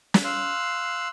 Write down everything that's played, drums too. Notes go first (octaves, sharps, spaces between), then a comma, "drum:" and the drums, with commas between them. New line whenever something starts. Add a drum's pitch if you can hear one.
drum: snare
F5 C6 E6 F#6